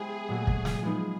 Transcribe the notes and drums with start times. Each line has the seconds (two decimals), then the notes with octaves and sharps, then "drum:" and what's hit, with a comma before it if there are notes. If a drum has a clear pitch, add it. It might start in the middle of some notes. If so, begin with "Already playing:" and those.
Already playing: G#3 B3 E4 G4 G#4 C5
0.28 A#2 F#3 A3 C#4 F#4
0.47 drum: kick
0.65 drum: snare
0.82 F3 G#3 B3 D#4